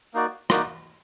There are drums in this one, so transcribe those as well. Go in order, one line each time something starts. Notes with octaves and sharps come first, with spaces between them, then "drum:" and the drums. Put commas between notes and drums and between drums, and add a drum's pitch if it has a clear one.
A#3 D#4 F#4 D5
A#3 D#4 F#4 D5, drum: rim click